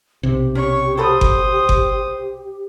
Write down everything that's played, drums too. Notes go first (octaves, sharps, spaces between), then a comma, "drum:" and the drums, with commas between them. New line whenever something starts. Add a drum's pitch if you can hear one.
B1 C3 G4
C#4 C#5 C#6
F#4 A4 C5 B5 D#6
drum: kick G1
drum: kick G1